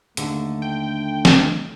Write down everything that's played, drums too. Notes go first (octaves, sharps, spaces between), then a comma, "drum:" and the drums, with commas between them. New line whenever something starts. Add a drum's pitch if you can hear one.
D#2 D3 A3, drum: hi-hat
G5
drum: snare